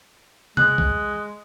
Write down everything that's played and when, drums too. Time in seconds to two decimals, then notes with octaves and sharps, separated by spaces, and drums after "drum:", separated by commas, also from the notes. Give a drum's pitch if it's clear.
0.57 G#3 F#6, drum: tom C3
0.78 drum: kick B1